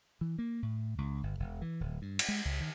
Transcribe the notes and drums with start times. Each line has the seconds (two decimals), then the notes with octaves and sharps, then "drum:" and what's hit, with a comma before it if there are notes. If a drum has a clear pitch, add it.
0.21 E3
0.39 A#3
0.62 A2
0.98 C#2
1.23 G1
1.40 E1
1.61 E3
1.80 D1
2.02 G2
2.19 drum: cymbal
2.28 G#3
2.45 C#2
2.60 D#3